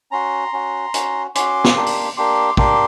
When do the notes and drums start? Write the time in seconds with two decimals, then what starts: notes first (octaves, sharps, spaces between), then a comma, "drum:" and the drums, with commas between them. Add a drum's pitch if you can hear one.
0.12 C#4 F#4 A#5 C6
0.53 C#4 F#4
0.94 C#4 F#4, drum: hi-hat
1.35 C#4 F#4 C6 D6, drum: hi-hat
1.64 drum: snare
1.76 A#3 D4 G4
1.86 drum: open hi-hat
2.17 A#3 D4 G4 C6 D6
2.57 A#3 D4 G4 C6 D6, drum: kick